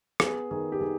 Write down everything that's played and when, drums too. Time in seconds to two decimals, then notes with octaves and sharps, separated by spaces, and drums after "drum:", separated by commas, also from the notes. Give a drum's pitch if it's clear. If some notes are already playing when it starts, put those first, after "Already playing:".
0.20 B3 G#4, drum: rim click
0.51 D#3 G#4
0.72 G4
0.81 D#3 G#4